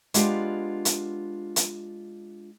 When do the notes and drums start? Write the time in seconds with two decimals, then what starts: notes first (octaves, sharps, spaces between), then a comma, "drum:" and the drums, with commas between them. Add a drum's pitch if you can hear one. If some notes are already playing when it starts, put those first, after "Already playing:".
0.14 G#3 B3 D4 F4 G4, drum: hi-hat
0.85 drum: hi-hat
1.56 drum: hi-hat